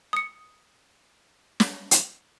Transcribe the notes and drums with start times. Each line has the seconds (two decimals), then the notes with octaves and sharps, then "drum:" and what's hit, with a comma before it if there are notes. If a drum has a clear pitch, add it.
0.13 D#6 C#7
1.60 drum: snare
1.91 drum: hi-hat